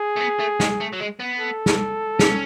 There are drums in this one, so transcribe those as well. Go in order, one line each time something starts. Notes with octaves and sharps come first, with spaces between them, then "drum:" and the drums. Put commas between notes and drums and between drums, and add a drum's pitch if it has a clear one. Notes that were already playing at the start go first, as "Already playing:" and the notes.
Already playing: G#4
A3
B3
A3
G#3, drum: snare
A3
F#3
G#3
B3
A4
drum: snare
C#4, drum: snare